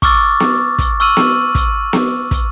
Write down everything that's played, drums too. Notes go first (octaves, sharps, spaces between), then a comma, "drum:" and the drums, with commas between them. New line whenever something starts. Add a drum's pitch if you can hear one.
C#6 D6 E6 F6 A6, drum: kick, hi-hat
drum: snare B3
drum: kick, hi-hat
C#6 E6 F6 D#7 F#7
drum: snare B3
drum: kick, hi-hat
drum: snare B3
drum: kick, hi-hat